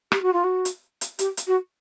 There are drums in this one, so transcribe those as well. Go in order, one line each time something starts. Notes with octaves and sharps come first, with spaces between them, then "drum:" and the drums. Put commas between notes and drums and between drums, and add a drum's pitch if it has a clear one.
G4, drum: rim click
F#4
F4
F#4
drum: hi-hat
drum: hi-hat
G4, drum: hi-hat
drum: hi-hat
F#4